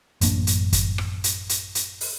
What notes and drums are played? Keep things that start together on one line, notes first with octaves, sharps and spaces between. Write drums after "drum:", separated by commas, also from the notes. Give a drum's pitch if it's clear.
A1 F#2 A#3 D4, drum: hi-hat
drum: hi-hat
drum: kick, hi-hat
drum: rim click
drum: hi-hat
drum: hi-hat
drum: hi-hat
drum: open hi-hat